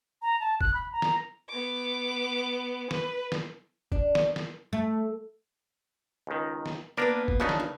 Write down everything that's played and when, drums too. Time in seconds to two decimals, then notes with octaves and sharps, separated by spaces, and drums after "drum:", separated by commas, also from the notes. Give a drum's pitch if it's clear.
0.22 A#5
0.40 A5
0.61 F#6, drum: kick
0.74 B5
0.92 A#5
1.02 drum: snare
1.49 B3 D6
2.91 B4, drum: snare
3.32 drum: snare
3.92 D4, drum: kick
4.15 drum: snare
4.36 drum: snare
4.73 A3
6.27 C#2 D#3
6.66 drum: snare
6.97 A#3 B3 D4 A#4 B4 D5
7.28 drum: kick
7.40 C#3 F3 G3 B3 D4 D#4
7.49 drum: snare
7.60 D3